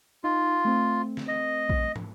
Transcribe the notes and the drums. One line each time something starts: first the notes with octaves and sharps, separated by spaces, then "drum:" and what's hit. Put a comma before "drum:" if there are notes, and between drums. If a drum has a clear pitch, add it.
D#4 F4
A3 C4
drum: snare
D#5
drum: kick A#1
drum: tom